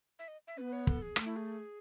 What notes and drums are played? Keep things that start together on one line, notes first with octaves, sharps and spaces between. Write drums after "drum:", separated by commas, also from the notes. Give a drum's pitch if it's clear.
E5
D#5
E5
B3 C#4 B4
C#5
A4, drum: kick
G#4
A3, drum: rim click
E4
G#4